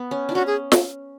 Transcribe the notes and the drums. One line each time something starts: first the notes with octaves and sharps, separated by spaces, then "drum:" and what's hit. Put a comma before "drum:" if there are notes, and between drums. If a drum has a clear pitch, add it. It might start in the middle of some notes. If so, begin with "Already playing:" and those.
Already playing: B3
C#4
D4 E4
C#4 F#4
G#4
drum: snare